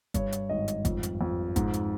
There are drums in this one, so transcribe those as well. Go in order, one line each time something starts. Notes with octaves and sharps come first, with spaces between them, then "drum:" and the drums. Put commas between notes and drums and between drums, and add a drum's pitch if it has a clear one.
G2 C#5, drum: kick, hi-hat
drum: hi-hat
G#1 D#5
drum: hi-hat
F2, drum: kick, hi-hat
drum: hi-hat
F2
G#2, drum: kick, hi-hat
drum: hi-hat